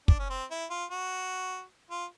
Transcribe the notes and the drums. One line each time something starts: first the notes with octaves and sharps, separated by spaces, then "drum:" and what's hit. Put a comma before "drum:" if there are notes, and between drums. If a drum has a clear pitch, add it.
D4, drum: kick
C#4
C4
E4
F4
F#4
F4